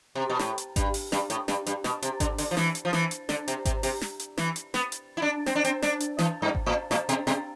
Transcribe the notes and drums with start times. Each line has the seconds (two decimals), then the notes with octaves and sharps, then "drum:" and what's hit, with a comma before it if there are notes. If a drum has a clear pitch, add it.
0.15 C3
0.30 B2
0.39 A2, drum: snare
0.58 drum: hi-hat
0.76 G2, drum: kick G#1, hi-hat
0.94 drum: open hi-hat
1.12 G2, drum: snare
1.30 A2, drum: hi-hat
1.48 G2, drum: snare
1.66 G2, drum: hi-hat
1.84 B2, drum: snare
2.02 C3, drum: hi-hat
2.20 D3, drum: kick G#1, hi-hat
2.38 D3, drum: open hi-hat
2.51 F3
2.57 E3, drum: snare
2.75 drum: hi-hat
2.85 F3
2.93 E3, drum: snare
3.11 drum: hi-hat
3.29 D3, drum: snare
3.48 C3, drum: hi-hat
3.65 C3, drum: kick G#1, hi-hat
3.83 C3, drum: open hi-hat
4.01 drum: snare
4.20 drum: hi-hat
4.38 E3, drum: snare
4.56 drum: hi-hat
4.74 B3, drum: snare
4.92 drum: hi-hat
5.17 E4
5.22 D4
5.46 C4, drum: snare
5.55 D4
5.64 C4, drum: hi-hat
5.82 D4, drum: snare
6.00 drum: hi-hat
6.19 E3, drum: snare
6.42 G2
6.55 drum: kick G#1
6.66 A2
6.91 A2, drum: snare
7.09 B2, drum: hi-hat
7.27 B2, drum: snare